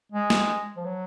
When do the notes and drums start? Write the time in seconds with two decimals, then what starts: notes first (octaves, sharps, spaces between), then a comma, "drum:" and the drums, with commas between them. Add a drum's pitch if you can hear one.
0.12 G#3
0.30 drum: snare
0.77 F3
0.85 F#3